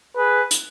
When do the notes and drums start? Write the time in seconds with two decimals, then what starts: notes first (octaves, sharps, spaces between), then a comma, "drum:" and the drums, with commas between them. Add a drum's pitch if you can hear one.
0.16 G#4 B4
0.51 drum: hi-hat